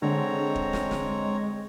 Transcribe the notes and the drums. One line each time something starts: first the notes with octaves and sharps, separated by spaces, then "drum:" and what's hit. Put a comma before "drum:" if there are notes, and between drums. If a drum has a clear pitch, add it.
D3 G#3 C4 C#5 A#5
drum: kick
drum: snare
drum: snare